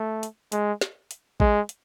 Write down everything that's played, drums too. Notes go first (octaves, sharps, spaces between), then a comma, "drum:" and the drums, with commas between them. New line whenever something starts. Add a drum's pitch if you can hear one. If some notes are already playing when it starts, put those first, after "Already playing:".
Already playing: A3
drum: hi-hat
G#3, drum: hi-hat
drum: snare
drum: hi-hat
G#3, drum: kick A1
drum: hi-hat